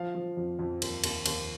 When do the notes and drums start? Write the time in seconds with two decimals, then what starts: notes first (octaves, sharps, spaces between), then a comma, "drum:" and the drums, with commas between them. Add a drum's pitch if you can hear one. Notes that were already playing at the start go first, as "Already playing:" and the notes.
Already playing: F3 F5
0.15 F3
0.37 F2
0.59 F2
0.82 D#2, drum: cymbal
1.04 D#2, drum: cymbal
1.26 D#2, drum: cymbal